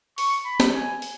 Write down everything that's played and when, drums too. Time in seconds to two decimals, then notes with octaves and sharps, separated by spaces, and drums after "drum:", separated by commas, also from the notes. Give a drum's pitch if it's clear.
0.18 C#6, drum: open hi-hat
0.45 B5
0.60 drum: snare
0.74 G#5
1.02 drum: open hi-hat